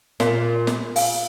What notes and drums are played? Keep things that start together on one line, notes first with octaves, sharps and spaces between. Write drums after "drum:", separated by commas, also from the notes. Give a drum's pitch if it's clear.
A#2 F5 G#5, drum: snare
drum: snare
F5 G#5, drum: open hi-hat